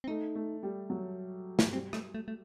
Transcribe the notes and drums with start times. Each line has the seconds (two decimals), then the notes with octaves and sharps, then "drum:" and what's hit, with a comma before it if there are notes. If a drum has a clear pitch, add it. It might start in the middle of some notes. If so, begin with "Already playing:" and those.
0.04 C4
0.08 A3 D#4
0.35 A3
0.63 G3
0.90 F#3
1.59 drum: snare
1.73 G3 C4
1.93 A3, drum: rim click
2.14 A3
2.28 A3